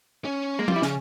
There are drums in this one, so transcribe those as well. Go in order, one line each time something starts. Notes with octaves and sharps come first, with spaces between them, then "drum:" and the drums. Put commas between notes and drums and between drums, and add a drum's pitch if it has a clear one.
C#4
G#3 A#3
F4, drum: tom F3
G3
E4
C#3 C#4, drum: snare